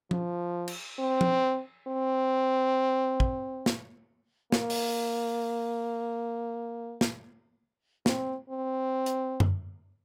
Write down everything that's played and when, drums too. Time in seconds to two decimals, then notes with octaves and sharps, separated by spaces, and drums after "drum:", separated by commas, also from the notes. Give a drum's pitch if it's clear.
0.11 F3, drum: tom
0.68 drum: cymbal
0.99 C4
1.21 drum: tom
1.88 C4
3.20 drum: kick
3.66 drum: snare
4.52 A#3, drum: snare
4.70 drum: open hi-hat
7.01 drum: snare
8.06 C4, drum: snare
8.50 C4
9.06 drum: hi-hat
9.40 drum: tom F#2